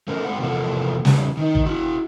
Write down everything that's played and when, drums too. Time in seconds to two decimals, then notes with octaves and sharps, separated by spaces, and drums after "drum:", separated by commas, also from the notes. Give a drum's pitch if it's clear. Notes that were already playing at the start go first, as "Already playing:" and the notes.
0.08 A3 C#4 A#4
0.25 G#3 C4 F#5
0.40 E2 C3 F3 A#3 A4 F#5
1.05 E2 C#3 G3 C#4, drum: snare
1.37 D#3 D#4
1.55 drum: kick
1.65 E4 F#4